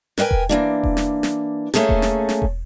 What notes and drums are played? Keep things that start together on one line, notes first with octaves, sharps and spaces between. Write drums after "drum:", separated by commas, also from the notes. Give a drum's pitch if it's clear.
A#4 B4 D#5 G5 G#5, drum: snare
drum: kick E1
E3 A#3 D4
drum: kick E1
drum: snare
drum: snare
A3 A#3 C#4 G#4 A4, drum: snare
drum: kick E1
drum: snare
drum: snare
drum: kick E1